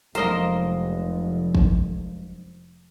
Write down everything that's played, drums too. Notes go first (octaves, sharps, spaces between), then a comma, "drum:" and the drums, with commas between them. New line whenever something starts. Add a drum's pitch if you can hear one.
F1 F#3 G#3 A#3 D4 A#4 C5 D#5, drum: hi-hat
drum: kick